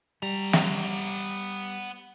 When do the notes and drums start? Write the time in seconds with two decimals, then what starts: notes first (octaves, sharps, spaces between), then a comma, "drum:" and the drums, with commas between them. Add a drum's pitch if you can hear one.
0.22 G3 B3 A#5
0.53 drum: snare